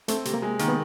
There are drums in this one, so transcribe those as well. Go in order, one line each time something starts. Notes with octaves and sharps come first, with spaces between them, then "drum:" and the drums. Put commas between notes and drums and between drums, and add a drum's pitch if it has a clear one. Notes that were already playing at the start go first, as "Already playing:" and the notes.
A3 C4, drum: hi-hat
C3, drum: hi-hat
A#3
G#3
D#3 A#3, drum: hi-hat
B3